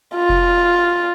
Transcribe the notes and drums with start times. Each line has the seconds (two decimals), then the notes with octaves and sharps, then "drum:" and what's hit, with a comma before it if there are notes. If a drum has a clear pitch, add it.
0.15 F4
0.29 drum: kick F1